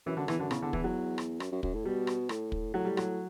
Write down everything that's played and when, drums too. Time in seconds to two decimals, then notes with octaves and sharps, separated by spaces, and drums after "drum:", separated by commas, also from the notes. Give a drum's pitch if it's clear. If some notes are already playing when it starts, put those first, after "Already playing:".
0.06 F#2 E3
0.17 F#2 D3
0.28 E2 E3, drum: rim click
0.39 F#2 D3
0.51 E2 C#3, drum: rim click
0.63 D3
0.73 E3, drum: kick
0.84 F#3
1.18 drum: rim click
1.40 F#2, drum: rim click
1.52 F#2
1.63 F#2, drum: kick
1.74 A2
1.85 B2 G3
2.07 drum: rim click
2.29 A2, drum: rim click
2.52 drum: kick
2.74 A2 F#3
2.85 G3
2.97 F#3, drum: rim click